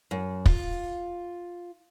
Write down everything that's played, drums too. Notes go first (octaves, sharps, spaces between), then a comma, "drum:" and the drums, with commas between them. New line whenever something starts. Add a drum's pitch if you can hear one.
F#2
F4, drum: kick